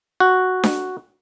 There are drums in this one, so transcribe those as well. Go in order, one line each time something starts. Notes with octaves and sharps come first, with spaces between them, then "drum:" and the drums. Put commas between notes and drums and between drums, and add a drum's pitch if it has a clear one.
F#4
drum: snare D4